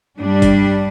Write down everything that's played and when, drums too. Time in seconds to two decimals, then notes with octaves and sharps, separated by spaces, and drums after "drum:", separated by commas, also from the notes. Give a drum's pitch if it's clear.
0.19 G2 G3 D4
0.42 drum: kick, hi-hat